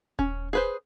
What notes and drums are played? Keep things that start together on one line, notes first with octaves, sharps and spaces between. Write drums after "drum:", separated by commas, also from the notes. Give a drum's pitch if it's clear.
C#4, drum: kick D#1
G#4 B4 C5